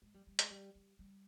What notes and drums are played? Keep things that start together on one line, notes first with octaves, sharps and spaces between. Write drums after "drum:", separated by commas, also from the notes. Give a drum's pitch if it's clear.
G#3
G3
G3
G#3, drum: hi-hat
G3
G3
G3